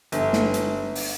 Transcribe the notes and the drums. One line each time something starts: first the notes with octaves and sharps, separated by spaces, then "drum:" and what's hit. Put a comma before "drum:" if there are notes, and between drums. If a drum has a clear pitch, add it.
G1, drum: hi-hat
drum: snare
drum: hi-hat
drum: open hi-hat